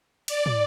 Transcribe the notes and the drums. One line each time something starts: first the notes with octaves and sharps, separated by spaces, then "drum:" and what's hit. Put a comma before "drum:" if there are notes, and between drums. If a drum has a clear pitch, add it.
D5, drum: cymbal
drum: tom